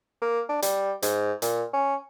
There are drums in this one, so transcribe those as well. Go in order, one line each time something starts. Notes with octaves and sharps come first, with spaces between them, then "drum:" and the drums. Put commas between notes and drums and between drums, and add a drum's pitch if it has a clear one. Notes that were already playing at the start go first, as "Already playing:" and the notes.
A#3
D4
G3, drum: hi-hat
G#2, drum: hi-hat
A#2, drum: hi-hat
C#4